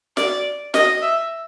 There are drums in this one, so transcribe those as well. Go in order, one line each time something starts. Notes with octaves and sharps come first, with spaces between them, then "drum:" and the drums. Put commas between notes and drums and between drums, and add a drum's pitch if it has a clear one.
D5, drum: snare
D#5, drum: snare
E5